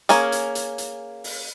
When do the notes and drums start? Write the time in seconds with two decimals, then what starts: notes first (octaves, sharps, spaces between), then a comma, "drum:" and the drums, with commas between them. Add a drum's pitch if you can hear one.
0.09 A#3 C#4 G#4, drum: hi-hat
0.32 drum: hi-hat
0.55 drum: hi-hat
0.78 drum: hi-hat
1.24 drum: open hi-hat